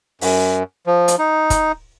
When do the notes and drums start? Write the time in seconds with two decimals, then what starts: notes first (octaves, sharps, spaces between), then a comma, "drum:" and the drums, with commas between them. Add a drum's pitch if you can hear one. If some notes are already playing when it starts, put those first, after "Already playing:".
0.21 F#2, drum: open hi-hat
0.87 F3
1.08 drum: hi-hat
1.19 D#4
1.50 drum: kick, hi-hat